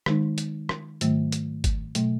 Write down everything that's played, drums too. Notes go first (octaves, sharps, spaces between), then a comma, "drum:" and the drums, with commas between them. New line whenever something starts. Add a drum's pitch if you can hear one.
D#3 G#3 D#4, drum: rim click
drum: hi-hat
drum: rim click
G#2 D#3 F#3 A3, drum: hi-hat
drum: hi-hat
drum: kick, hi-hat
B2 F#3 A3, drum: hi-hat